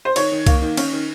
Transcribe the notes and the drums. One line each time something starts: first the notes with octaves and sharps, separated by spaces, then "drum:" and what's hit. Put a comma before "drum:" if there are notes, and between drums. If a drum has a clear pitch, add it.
C5
D#3 C#5, drum: cymbal
D#3
A#3, drum: kick C2, cymbal
D#3
C#4, drum: cymbal
D#3